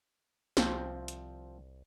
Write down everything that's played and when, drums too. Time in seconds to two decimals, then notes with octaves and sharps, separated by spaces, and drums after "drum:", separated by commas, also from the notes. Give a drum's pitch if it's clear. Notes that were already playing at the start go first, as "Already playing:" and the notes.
0.57 C2 F3 C4, drum: snare
1.08 drum: hi-hat